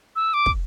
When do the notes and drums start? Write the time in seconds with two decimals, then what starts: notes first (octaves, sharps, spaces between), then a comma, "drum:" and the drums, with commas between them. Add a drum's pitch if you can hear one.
0.16 E6
0.34 D6
0.46 drum: kick